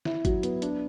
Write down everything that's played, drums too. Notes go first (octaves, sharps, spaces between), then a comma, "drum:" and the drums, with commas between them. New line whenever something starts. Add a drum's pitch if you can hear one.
E4, drum: snare
F#3, drum: kick, hi-hat
B3, drum: hi-hat
D4, drum: hi-hat